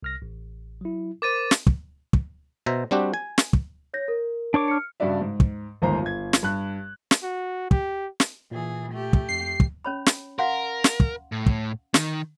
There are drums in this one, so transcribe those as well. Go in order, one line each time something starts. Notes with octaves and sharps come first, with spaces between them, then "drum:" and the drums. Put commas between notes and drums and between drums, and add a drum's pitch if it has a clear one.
C2 F6 A#6
A1
F#3 E4
A#4 C5 D6 A6 D#7
drum: snare
drum: kick
drum: kick
B2 C5 E5 A#5
G3 C4 D4 F#4 G4
G#5
drum: snare
drum: kick
C#5 G6 A#6
A#4
D4 C#5 D6
F6 C#7
G2 C#3 D4 F#4 D5 E5
G#2
drum: kick
G1 D#2 G#2 C5 A#5
G1 G#6
drum: snare
G2 F#6
drum: snare
F#4
G4, drum: kick
drum: snare
A#2 E3 G#4
A3 G4
drum: kick
F2 C7
drum: kick
C#4 C#5 B5
drum: snare
A#4 F5 F#5 C6
drum: snare
drum: kick
A2
drum: kick
D#3, drum: snare